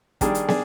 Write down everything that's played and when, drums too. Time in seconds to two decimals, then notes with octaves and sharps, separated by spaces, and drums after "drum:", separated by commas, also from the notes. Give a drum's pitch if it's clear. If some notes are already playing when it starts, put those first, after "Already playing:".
0.21 D#3 G3 D4 G#4, drum: kick, hi-hat
0.35 drum: hi-hat
0.48 D4 G#4, drum: snare